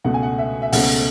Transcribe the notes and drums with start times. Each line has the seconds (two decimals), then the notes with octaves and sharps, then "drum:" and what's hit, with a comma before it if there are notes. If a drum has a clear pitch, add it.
0.04 C#2 B2 A3 F#5
0.14 G#5
0.23 F#5
0.38 E5
0.62 E5
0.72 C#2 B2 A3 F#5, drum: open hi-hat